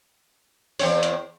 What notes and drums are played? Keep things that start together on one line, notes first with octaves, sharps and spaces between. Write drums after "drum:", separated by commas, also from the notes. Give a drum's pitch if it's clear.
E2 C4 C#5, drum: open hi-hat
drum: hi-hat